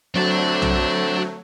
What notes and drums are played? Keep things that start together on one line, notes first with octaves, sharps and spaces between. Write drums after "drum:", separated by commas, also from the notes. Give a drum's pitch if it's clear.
D3 F#3 A3 C4 D4 A5
drum: tom B1